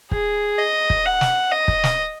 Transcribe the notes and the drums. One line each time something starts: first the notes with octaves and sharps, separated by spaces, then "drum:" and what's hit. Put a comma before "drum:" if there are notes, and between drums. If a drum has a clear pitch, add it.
G#4, drum: kick
D#5
drum: kick
F#5
drum: snare
D#5
drum: kick
drum: snare